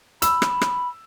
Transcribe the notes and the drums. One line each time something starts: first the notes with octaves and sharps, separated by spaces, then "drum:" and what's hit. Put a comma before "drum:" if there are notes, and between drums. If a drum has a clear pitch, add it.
B5 E6, drum: hi-hat
drum: rim click
drum: rim click